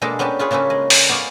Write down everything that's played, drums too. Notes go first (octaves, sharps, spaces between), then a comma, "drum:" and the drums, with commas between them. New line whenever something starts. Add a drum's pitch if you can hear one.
B2 G#3 A#3 D4 G#4 A4
B3 C#4 G4 B4 A5
F4 G#4 B4 C#5
C#3 A#3 C#4 A4 B4
G#3
drum: open hi-hat
B3 C#5 D5 F5 G#5